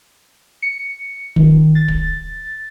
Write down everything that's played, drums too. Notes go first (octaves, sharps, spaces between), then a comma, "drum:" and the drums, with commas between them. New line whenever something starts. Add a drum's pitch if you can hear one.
C#7
D#3, drum: kick
A6
drum: kick